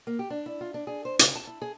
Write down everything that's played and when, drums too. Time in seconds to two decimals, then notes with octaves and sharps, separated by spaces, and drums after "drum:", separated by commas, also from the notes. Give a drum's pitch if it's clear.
0.07 A#3
0.19 G4
0.30 D4
0.46 E4
0.61 F4
0.74 D4
0.87 G#4
1.05 C5
1.19 C#3, drum: hi-hat
1.36 A5
1.47 E4
1.62 G#4